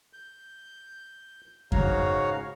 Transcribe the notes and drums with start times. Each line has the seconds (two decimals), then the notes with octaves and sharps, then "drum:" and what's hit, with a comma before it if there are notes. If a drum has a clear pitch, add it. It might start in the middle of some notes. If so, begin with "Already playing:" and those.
0.13 G6
1.72 G#2 C#3 F#4 C#5 F5 A#5, drum: kick F2